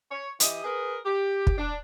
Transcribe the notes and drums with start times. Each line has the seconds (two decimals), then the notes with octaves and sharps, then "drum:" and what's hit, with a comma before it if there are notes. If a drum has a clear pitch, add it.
0.10 C#5
0.40 E3 G4 D#5, drum: hi-hat
0.64 G#4 A#4 B4
1.05 G4
1.47 drum: kick
1.58 D4